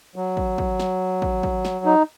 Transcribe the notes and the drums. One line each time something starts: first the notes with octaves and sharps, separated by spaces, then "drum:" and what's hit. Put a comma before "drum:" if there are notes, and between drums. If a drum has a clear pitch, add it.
F#3
drum: kick
drum: kick
drum: snare
drum: kick
drum: kick
drum: snare
D#4